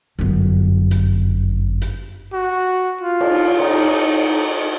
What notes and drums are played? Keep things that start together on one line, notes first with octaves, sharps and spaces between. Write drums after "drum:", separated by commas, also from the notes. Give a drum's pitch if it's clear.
G1 F#2
drum: hi-hat
drum: hi-hat
F#4
F4
drum: cymbal
D#4, drum: cymbal